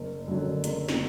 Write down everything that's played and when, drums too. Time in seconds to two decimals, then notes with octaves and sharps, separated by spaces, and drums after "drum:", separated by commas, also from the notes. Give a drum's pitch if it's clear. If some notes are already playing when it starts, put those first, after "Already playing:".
Already playing: F#1
0.28 F#2 D3 F#3
0.64 F#1, drum: hi-hat
0.89 drum: snare